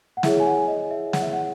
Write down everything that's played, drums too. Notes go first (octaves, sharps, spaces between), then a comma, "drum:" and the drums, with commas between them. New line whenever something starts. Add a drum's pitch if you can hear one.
F#5
E4 G#4 C#5 E5, drum: snare
G#5
F#5
D#5
E5
F#5, drum: snare
E5
F#5